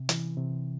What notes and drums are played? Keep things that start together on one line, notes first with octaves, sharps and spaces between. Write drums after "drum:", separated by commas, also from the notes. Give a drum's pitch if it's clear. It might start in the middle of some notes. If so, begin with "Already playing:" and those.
Already playing: C3
E3, drum: hi-hat
C3